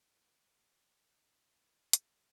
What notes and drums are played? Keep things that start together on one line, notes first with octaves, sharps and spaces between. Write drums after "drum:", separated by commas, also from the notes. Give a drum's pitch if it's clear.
D3 A3 A#3 E4 A#4 B4
E2 G#2 C3 A#3 C4 C5
F#2
D#2 D#3
D#3 E3 E4
C2 G#2 E3 A3, drum: hi-hat